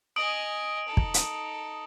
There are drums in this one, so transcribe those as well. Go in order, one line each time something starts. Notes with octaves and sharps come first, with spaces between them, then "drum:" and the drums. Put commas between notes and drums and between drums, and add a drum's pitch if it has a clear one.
D#5 G#5 D#6 D7 F#7
D#4 A4
drum: kick
drum: hi-hat